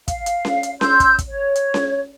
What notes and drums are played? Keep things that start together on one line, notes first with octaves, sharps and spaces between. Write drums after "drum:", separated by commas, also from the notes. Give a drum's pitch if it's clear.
F5, drum: kick, hi-hat
drum: hi-hat
drum: snare C#4
drum: hi-hat
C6 E6 G6, drum: snare C#4
drum: kick, hi-hat
drum: kick, hi-hat
C#5
drum: hi-hat
drum: snare C#4